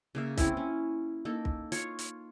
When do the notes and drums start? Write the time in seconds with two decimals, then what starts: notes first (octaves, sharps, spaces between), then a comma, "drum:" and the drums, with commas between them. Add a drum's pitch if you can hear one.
0.15 C#3 A#3 E5
0.37 C4 C#4 E4 E5, drum: kick, hi-hat
0.57 C#4
1.25 A#3 D#4 A4
1.45 drum: kick
1.72 F4 C#5, drum: hi-hat
1.99 drum: hi-hat